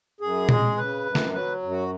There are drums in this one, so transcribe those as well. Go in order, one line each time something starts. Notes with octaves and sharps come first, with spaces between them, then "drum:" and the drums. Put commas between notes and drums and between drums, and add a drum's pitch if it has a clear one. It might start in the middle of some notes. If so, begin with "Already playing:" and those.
F#2 G#4
G#3, drum: tom A#2
C#3 B4
F#2
drum: snare
F#3 B4
F#2
F#4